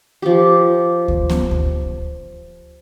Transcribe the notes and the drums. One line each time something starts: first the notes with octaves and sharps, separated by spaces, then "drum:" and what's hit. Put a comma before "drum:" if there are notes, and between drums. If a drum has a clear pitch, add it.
F3 G4
drum: kick D2
drum: snare B3
drum: kick D2